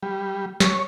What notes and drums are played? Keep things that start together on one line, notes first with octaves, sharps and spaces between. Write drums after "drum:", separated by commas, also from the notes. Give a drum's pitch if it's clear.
G3
C#5, drum: snare